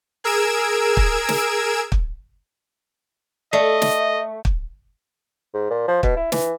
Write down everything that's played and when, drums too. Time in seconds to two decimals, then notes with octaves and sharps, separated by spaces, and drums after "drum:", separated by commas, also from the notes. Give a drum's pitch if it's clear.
0.24 G#4 A#4 E6 G#6 D7 E7
0.97 drum: kick
1.28 drum: snare
1.92 drum: kick
3.53 A3 D5 D#5
3.82 drum: snare
4.45 drum: kick
5.54 G#2
5.70 A#2
5.88 F3
6.03 B2, drum: kick
6.17 E4
6.32 E3, drum: snare